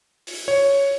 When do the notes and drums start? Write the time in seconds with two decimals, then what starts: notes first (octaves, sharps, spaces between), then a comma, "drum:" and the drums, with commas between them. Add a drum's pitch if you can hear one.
0.27 drum: open hi-hat
0.48 C#5